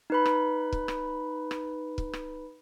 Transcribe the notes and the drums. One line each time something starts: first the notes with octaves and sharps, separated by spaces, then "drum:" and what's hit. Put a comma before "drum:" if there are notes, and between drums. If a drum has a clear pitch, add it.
D#4 B4 B5
drum: rim click
drum: kick
drum: rim click
drum: rim click
drum: kick
drum: rim click